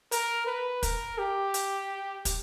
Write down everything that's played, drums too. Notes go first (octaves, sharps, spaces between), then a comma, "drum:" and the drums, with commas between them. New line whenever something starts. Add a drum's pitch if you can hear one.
A#4, drum: hi-hat
B4
A#4, drum: kick, hi-hat
G4
drum: hi-hat
drum: kick, hi-hat